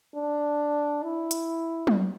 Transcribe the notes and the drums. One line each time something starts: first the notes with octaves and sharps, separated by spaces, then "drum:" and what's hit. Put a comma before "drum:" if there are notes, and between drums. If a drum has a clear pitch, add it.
D4
E4
drum: hi-hat
drum: tom F#3